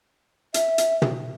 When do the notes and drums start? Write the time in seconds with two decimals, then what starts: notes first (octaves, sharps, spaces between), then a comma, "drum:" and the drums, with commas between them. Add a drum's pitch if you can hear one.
0.54 E5, drum: hi-hat
0.78 drum: hi-hat
1.02 drum: tom